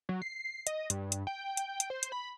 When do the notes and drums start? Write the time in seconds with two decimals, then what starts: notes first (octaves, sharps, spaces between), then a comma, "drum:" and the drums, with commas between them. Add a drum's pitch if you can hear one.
0.09 F#3
0.22 C7
0.67 D#5, drum: hi-hat
0.90 G2, drum: hi-hat
1.12 drum: hi-hat
1.27 G5
1.57 drum: hi-hat
1.80 drum: hi-hat
1.90 C5
2.03 drum: hi-hat
2.12 B5